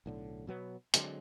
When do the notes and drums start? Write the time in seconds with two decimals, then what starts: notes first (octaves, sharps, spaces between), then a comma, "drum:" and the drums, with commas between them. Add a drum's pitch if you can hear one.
0.06 B1 A2 D3
0.47 B2 F#3 B3
0.94 D3 F#3 G#3 C4, drum: hi-hat